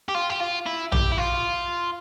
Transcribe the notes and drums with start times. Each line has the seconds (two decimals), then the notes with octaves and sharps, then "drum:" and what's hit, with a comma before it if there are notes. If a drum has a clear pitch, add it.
0.09 G4
0.15 F4
0.30 G4
0.41 F4
0.66 E4
0.92 G4, drum: tom A#1
1.12 E4
1.18 F4